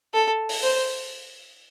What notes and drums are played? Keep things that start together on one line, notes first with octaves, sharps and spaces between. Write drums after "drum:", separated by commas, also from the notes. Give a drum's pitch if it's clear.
A4
drum: open hi-hat
C5